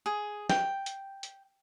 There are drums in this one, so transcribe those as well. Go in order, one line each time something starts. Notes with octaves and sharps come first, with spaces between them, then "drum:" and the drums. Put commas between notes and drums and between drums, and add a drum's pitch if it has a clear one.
G#4
G5, drum: snare
drum: hi-hat
drum: hi-hat